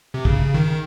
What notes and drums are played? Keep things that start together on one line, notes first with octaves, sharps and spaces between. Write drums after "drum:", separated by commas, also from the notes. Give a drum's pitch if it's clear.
C3
C#3, drum: kick
D#3